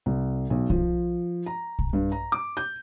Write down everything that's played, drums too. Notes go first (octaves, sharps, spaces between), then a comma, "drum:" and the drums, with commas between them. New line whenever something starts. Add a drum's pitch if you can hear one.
C2
B1
F3, drum: kick
A#5
drum: kick
G2
A#5
D6
G6